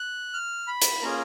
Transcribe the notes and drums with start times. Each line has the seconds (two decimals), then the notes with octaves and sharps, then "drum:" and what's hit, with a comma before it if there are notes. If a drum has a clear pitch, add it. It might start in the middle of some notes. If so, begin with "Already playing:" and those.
Already playing: F#6
0.34 F6
0.68 B5
0.82 drum: hi-hat
1.03 A#3 C#4 F4 G#4 A#5